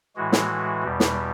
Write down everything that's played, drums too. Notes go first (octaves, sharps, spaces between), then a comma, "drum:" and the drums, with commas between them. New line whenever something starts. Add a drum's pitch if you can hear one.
A2 E3 G#3 F#4
drum: snare
E2 B2 G3
drum: snare